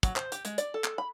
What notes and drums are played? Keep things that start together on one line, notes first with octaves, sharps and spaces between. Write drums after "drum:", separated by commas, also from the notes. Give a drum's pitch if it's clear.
F#3, drum: kick, hi-hat
C5, drum: clap
G4, drum: hi-hat
G#3, drum: hi-hat
D5, drum: hi-hat
A4
drum: clap
B5